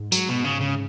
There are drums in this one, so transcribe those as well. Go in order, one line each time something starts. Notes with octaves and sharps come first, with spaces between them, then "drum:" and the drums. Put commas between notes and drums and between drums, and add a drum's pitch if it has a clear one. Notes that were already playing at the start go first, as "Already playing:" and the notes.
Already playing: G#2
F#3, drum: tambourine
B2
C#3
C#3